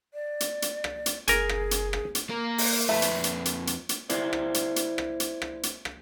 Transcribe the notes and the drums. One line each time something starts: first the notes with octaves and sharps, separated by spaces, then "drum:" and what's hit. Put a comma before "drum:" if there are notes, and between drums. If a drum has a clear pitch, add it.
D5
drum: hi-hat
drum: hi-hat
drum: rim click
drum: hi-hat
F#1 G#4 A#4 G#5, drum: hi-hat
drum: rim click
drum: hi-hat
drum: rim click
drum: hi-hat
A#3 A#4
drum: open hi-hat
F2 A3 B4
drum: hi-hat
drum: hi-hat
drum: hi-hat
drum: hi-hat
drum: hi-hat
E4 C5 D5, drum: hi-hat
drum: rim click
drum: hi-hat
drum: hi-hat
drum: rim click
drum: hi-hat
drum: rim click
drum: hi-hat
drum: rim click